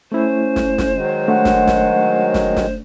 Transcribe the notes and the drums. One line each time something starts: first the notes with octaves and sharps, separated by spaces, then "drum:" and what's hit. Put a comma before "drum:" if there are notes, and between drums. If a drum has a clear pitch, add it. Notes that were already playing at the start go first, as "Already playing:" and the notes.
A3 C#4 E4 C5
drum: snare
drum: snare
D#3 F#3 G#3
A3 D4 F#5
drum: snare
drum: snare
drum: snare
drum: snare